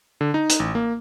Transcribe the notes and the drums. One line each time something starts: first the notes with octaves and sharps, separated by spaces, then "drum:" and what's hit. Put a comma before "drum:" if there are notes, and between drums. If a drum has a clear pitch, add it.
D3
D#4
drum: hi-hat
A1
A#3